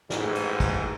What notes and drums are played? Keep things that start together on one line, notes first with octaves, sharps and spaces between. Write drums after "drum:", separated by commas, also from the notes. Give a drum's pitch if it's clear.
A1 G#2, drum: snare
drum: cymbal
drum: kick, cymbal